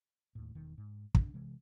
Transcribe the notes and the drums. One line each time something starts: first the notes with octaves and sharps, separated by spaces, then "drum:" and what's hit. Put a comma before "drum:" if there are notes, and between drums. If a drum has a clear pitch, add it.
D#2 A2
E1 D#3
G#2
F#2 C3 D4, drum: kick
C3 E3 G#3